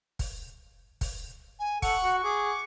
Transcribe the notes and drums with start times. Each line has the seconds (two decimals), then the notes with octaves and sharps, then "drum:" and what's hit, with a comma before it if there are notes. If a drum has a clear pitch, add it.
0.19 drum: kick, open hi-hat
1.01 drum: kick, open hi-hat
1.60 G#5
1.82 A4 F#5 C#6, drum: kick, open hi-hat
2.04 F#4
2.24 G#4 D6